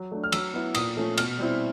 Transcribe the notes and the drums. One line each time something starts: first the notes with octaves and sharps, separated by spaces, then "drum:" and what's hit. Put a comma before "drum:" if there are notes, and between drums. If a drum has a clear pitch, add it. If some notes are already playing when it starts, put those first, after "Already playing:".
Already playing: F#3
A3 D4
F6
F#3 E6, drum: cymbal
B3 E4
A#2 D#6, drum: cymbal
F3 A3 C#4
B2 F6, drum: cymbal
G3 C4 E4